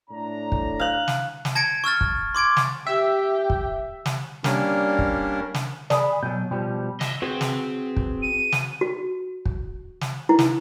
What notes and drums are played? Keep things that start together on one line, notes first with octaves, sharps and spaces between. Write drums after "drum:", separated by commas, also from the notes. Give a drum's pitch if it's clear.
A2 D4 A#5
drum: kick
F5 F#6
drum: snare
drum: snare
A5 G#6 A#6 C#7 D7
C#6 E6 F6 A6
drum: kick
C6 D6 G#6 D7
drum: snare
G4 E5 G5
drum: kick
drum: snare
G3 A#3 C#4 D4 A#4, drum: snare
drum: kick
drum: snare
G#4 D5 B5, drum: snare
B2 F#3 G6
B2 F3 G3
D#5 E5, drum: snare
C4 F#4 G#4 B4
drum: snare
drum: kick
D#7
drum: snare
F#4
drum: kick
drum: snare
E4
drum: snare